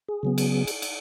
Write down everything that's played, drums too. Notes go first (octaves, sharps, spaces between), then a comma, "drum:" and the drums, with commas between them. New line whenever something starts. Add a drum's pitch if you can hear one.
G#4
C#3 F#3 B3
drum: cymbal
drum: cymbal
drum: cymbal